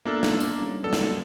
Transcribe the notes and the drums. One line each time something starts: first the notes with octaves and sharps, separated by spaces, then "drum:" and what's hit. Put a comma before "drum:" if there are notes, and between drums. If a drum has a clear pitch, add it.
A#3 B3 D4 F4 A4 E5
drum: snare
drum: tambourine
G3 C#4 D#4
F#3 A#3 B3 A4 D5
drum: snare